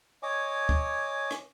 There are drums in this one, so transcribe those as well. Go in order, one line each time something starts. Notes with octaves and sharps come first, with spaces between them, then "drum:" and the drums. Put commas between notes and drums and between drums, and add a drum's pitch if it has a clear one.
C#5 D#5 G#5 D6
drum: kick
drum: rim click